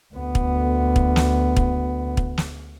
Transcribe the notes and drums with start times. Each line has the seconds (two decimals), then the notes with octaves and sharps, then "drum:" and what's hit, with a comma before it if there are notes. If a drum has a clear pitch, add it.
0.15 D2 B3
0.35 drum: kick
0.96 drum: kick
1.16 drum: snare
1.56 drum: kick
2.17 drum: kick
2.38 drum: snare